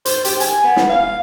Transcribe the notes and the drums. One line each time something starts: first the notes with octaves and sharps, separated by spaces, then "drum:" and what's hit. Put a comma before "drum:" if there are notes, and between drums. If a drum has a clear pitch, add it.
C5, drum: hi-hat
G4, drum: hi-hat
G#5, drum: hi-hat
B3
drum: snare
F5